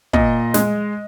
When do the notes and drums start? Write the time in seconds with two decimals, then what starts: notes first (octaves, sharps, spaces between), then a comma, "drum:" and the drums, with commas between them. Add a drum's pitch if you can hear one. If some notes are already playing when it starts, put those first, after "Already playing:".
0.13 A#2 D#5, drum: kick
0.54 G#3, drum: snare